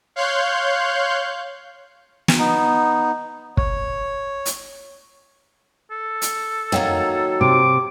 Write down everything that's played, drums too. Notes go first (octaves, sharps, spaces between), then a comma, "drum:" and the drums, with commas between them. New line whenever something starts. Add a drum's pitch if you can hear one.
C#5 F5 C6 F#6 G6
drum: snare
B3 D#4
C#5, drum: kick
drum: hi-hat
A4
drum: hi-hat
D#3 F#3 A#3, drum: tom
C3 D6